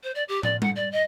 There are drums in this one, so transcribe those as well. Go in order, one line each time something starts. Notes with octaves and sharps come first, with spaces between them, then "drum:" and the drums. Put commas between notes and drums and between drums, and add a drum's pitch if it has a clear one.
C5
D5
G4
D5, drum: tom
F#5, drum: tom G3
D5
D#5